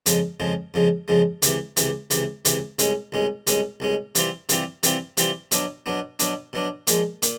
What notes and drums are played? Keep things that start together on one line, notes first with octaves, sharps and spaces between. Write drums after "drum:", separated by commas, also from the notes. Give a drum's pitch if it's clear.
F2 C#3 F3 G#3, drum: hi-hat
F2 C#3 F3 G#3
F2 C#3 F3 G#3
F2 C#3 F3 G#3
C#2 C3 E3, drum: hi-hat
C#2 C3 E3, drum: hi-hat
C#2 C3 E3, drum: hi-hat
C#2 C3 E3, drum: hi-hat
C2 B2 G#3 C#4, drum: hi-hat
C2 B2 G#3 C#4
C2 B2 G#3 C#4, drum: hi-hat
C2 B2 G#3 C#4
C3 E3 G3 C4 F4, drum: hi-hat
C3 E3 G3 C4 F4, drum: hi-hat
C3 E3 G3 C4 F4, drum: hi-hat
C3 E3 G3 C4 F4, drum: hi-hat
B2 F#3 B3 D4, drum: hi-hat
B2 F#3 B3 D4
B2 F#3 B3 D4, drum: hi-hat
B2 F#3 B3 D4
A#2 F3 G#3, drum: hi-hat
A#2, drum: hi-hat